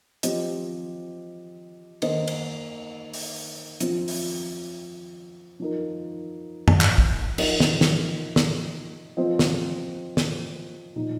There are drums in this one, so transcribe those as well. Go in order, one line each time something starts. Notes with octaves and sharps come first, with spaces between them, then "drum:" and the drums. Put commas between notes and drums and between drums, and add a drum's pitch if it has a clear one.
F3 C4 G4 D#5, drum: hi-hat
D#3 A#3 D#4 C5 D#5, drum: cymbal
drum: cymbal
drum: open hi-hat
F3 C4 F4, drum: hi-hat
drum: open hi-hat
F3 D#4 A#4
drum: tom
drum: clap
drum: kick
F3 D#4 A#4 D#5, drum: cymbal
drum: snare
drum: snare
drum: snare
F3 C4 F4 C5 D#5
drum: snare
drum: snare
A#2 F3 D#4